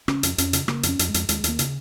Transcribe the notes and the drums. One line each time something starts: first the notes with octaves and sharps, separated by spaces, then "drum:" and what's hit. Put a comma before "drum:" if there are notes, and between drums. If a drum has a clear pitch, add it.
C#3 C#4, drum: rim click
F2, drum: hi-hat
F2 C#4, drum: hi-hat
C#3, drum: hi-hat
C#3 A#3, drum: rim click
F2, drum: hi-hat
C#4
F2, drum: hi-hat
G#3
F2, drum: hi-hat
D#2 G#3, drum: hi-hat
D#2 A#3, drum: hi-hat
C#3, drum: hi-hat